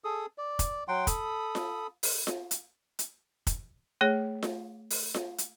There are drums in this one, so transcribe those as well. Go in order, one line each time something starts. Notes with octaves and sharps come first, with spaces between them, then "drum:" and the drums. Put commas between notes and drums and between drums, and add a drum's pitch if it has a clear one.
G#4 A4 D#6
D5
drum: kick, hi-hat
F#3 F#5 G5 C6
A4 B5 D#6, drum: kick, hi-hat
drum: snare F4
drum: open hi-hat
drum: snare F4
drum: hi-hat
drum: hi-hat
drum: kick, hi-hat
A3 G#4 C#5
drum: snare F4
drum: open hi-hat
drum: snare F4
drum: hi-hat